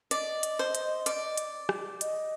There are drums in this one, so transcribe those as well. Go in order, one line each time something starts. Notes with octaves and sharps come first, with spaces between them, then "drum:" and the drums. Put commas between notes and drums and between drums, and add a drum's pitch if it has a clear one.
D5 D#5, drum: hi-hat
drum: hi-hat
C5
drum: hi-hat
D5, drum: hi-hat
drum: hi-hat
drum: rim click
D#5, drum: hi-hat